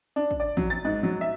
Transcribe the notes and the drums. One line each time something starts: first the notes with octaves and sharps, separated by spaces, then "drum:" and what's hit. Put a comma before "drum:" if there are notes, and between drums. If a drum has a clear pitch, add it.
D4
drum: kick
D5
F#3, drum: kick
A6
G#2
F#3
E5